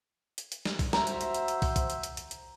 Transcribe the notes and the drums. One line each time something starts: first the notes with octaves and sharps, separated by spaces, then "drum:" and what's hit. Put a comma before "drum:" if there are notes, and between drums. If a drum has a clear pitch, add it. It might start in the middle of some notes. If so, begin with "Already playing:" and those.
drum: hi-hat
drum: hi-hat
drum: snare
drum: kick, open hi-hat
F#4 C5 E5 A#5, drum: snare
drum: hi-hat
drum: hi-hat
drum: hi-hat
drum: hi-hat
drum: kick, open hi-hat
drum: kick, hi-hat
drum: hi-hat
drum: hi-hat
drum: hi-hat
drum: hi-hat